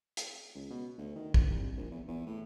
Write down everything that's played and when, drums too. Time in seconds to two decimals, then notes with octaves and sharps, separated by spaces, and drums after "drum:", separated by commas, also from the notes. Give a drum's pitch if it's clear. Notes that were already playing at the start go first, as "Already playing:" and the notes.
0.17 drum: hi-hat
0.55 C#2
0.70 B2
0.98 D2
1.15 D#3
1.34 A#1, drum: kick
1.47 C2
1.77 A#1
1.91 E2
2.08 E2
2.27 A2